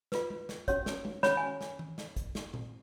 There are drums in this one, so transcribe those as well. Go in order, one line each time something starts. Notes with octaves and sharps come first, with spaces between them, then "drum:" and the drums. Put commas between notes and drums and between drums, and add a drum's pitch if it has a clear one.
F4 B4, drum: snare
drum: tom G#3
drum: snare
C#4 F#4 C#5, drum: kick A1, hi-hat
drum: snare
drum: tom G#3
C#4 F#4 C#5 B5, drum: snare
G#5
drum: snare
drum: tom E3
drum: snare
drum: kick A1, hi-hat
drum: snare
drum: tom A#2